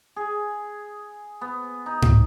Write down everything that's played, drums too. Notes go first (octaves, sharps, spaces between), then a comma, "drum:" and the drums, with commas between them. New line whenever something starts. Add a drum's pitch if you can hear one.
G#4
B3
D#4
drum: tom G#2